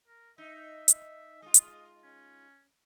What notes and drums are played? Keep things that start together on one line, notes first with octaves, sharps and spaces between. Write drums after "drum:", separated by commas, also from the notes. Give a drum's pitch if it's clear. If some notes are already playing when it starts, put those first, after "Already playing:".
A#4
D#4 E5
drum: hi-hat
G#3 F4 D#6
drum: hi-hat
C#4